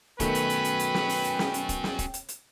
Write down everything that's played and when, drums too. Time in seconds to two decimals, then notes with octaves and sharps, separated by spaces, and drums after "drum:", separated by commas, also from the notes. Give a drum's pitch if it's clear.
0.20 B2 D#3 F#3 A3 C#4 B4 G5, drum: kick, hi-hat
0.35 drum: hi-hat
0.50 drum: hi-hat
0.65 drum: hi-hat
0.79 drum: hi-hat
0.94 drum: snare
1.09 drum: open hi-hat
1.24 drum: hi-hat
1.39 drum: snare
1.54 drum: hi-hat
1.69 drum: kick, hi-hat
1.84 drum: snare
1.99 drum: kick, hi-hat
2.14 drum: hi-hat
2.29 drum: hi-hat